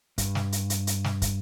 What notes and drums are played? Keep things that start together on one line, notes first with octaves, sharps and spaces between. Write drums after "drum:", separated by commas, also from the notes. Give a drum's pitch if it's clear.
G2, drum: kick, hi-hat
drum: snare
drum: hi-hat
drum: hi-hat
drum: hi-hat
drum: snare
drum: kick, hi-hat